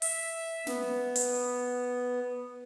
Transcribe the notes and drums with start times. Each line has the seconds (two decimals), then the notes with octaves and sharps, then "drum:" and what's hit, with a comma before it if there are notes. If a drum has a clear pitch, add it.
0.02 E5, drum: open hi-hat
0.67 B3, drum: snare
1.16 drum: hi-hat